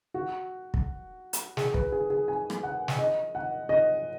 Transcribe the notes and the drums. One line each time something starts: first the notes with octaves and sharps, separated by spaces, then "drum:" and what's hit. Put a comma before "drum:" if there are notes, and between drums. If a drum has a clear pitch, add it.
F#4
drum: kick
drum: hi-hat
G#4, drum: snare
B4, drum: kick
G#4
G#4
G#5
drum: rim click
F#5
drum: snare
D#5
F#5
D#5